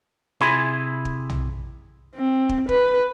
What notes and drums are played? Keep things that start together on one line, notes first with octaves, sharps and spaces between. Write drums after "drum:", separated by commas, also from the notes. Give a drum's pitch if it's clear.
C3 E4 G#4 G#5 B5 C6, drum: snare F4
drum: kick
drum: tom
C4
drum: kick
B4, drum: kick